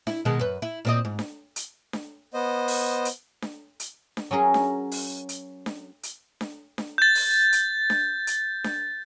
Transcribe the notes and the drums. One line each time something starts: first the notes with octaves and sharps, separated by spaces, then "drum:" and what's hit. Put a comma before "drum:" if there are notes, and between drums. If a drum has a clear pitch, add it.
E4, drum: snare D4
B2 D#3 G#3
F#2 B4
E4
A#2 C4 D#5
G#2
drum: snare D4
drum: hi-hat
drum: snare D4
B3 C5 D#5
drum: open hi-hat
drum: hi-hat
drum: snare D4
drum: hi-hat
drum: snare D4
F#3 C#4 G#4 A#4
drum: snare D4
drum: open hi-hat
drum: hi-hat
drum: snare D4
drum: hi-hat
drum: snare D4
drum: snare D4
G6 A6
drum: open hi-hat
drum: hi-hat
drum: snare D4
drum: hi-hat
drum: snare D4